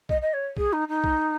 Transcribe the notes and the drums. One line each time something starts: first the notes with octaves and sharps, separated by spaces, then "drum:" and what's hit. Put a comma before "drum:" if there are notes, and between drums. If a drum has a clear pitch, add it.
D#5, drum: kick
D#5
C#5
G#4, drum: kick
D#4
D#4
drum: kick